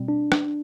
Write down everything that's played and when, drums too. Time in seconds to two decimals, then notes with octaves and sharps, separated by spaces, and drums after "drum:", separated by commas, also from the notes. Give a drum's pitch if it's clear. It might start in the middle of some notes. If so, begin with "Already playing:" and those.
Already playing: B2 G3 C4
0.08 D4
0.32 drum: rim click